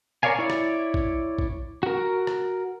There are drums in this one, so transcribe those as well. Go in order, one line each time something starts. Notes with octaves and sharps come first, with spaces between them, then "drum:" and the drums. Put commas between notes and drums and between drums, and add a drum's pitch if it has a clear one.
A#4 C#5 D5 F5 G#5
E4 C#5 D5
drum: rim click
drum: kick
drum: kick
F#4 A#4
drum: rim click